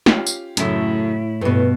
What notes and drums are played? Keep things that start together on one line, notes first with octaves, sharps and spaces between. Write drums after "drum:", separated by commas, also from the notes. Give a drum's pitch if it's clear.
C#4 F4 G4, drum: snare
drum: tambourine
F#2 A2 C#3 A3 E4, drum: hi-hat
G2 B2 A3